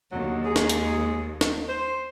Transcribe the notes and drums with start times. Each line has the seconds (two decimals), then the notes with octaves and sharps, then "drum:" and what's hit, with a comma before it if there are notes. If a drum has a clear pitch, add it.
0.12 D#2 D3 F#3
0.46 G#3 G#4
0.56 drum: snare
0.69 drum: hi-hat
1.41 drum: snare
1.69 C5